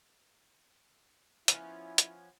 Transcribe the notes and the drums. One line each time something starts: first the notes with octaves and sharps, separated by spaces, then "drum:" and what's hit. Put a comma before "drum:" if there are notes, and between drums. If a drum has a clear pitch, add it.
F3 B3 C#4 E4, drum: hi-hat
drum: hi-hat